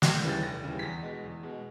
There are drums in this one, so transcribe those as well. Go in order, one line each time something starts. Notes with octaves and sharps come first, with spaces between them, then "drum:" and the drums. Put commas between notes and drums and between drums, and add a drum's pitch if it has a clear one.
F1 F#6, drum: snare
G6
D#2 C#3 E3 G3
A6
F1 A#6
D#2 C#3 E3 G3
B6
E2 A#6
B2 G#3
E2
B2 G#3